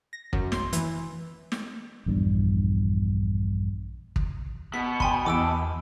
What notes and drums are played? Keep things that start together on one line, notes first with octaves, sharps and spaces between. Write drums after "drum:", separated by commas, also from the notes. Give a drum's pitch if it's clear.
A#6
F#2, drum: kick
C6, drum: snare
E3, drum: hi-hat
drum: snare
A#1 E2 G2
drum: kick
B2 B6
G5 G#5 B5 C6, drum: kick
E2 D6 E6 D7